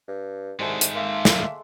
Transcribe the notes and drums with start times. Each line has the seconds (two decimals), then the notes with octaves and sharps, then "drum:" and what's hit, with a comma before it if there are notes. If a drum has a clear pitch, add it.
0.08 G2
0.59 C2 G#2 D#3 G#3 A3 F#5
0.81 drum: hi-hat
0.95 A#3 E5 C6
1.25 drum: snare